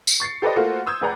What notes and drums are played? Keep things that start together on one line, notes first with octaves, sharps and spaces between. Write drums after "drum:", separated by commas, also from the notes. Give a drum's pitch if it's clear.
drum: tambourine
C#6 A6 C7 C#7
G4 A4 B4 C5 D5 D#5
A3 A#3 F4 F#4 A4 C5
C6 D#6 E6 G6 G#6
F1 G#4 B4 D5 F#5 A#5